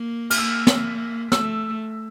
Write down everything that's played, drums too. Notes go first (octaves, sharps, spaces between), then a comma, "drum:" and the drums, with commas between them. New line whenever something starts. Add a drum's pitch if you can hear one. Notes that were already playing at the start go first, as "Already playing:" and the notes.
Already playing: A#3
F6, drum: cymbal
A#3 E6
drum: snare
A3 E6, drum: snare